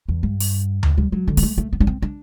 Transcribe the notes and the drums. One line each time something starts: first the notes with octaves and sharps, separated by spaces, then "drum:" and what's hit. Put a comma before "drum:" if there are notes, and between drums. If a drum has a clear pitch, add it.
E2
G2
drum: open hi-hat
drum: tom D2
G3
F#3
D3
B3, drum: open hi-hat
A3
A3
B3
D4
C4
D4